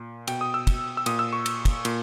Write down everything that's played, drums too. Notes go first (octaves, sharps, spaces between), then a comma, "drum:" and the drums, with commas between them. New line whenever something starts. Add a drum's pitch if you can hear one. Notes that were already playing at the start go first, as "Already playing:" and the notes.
Already playing: A#2
B2 G5, drum: cymbal
D#6
E6
drum: kick, cymbal
E6
A#2 D#6, drum: cymbal
E6
C#6
drum: cymbal
drum: kick, cymbal
A#2, drum: cymbal